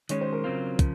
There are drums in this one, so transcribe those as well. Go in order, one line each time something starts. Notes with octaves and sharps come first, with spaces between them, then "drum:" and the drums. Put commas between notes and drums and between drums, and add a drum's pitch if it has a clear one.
D#3 G#3 C#4 C#5, drum: hi-hat
C5
A#4
C#3 F#3 C4 F4
C#3 F3, drum: kick, hi-hat